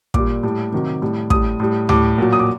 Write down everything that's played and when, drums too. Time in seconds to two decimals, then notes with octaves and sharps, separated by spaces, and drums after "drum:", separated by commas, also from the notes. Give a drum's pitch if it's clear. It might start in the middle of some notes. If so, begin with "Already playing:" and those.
0.14 A#2 G3 D6, drum: kick
0.43 A2 G3
0.72 C3 D#3 F#3
1.02 A2 G3
1.30 A2 G3 D#6, drum: kick
1.60 A2 G3
1.89 A2 G3 D6, drum: tom D2
2.18 A#2 F#3
2.33 D#6
2.39 D6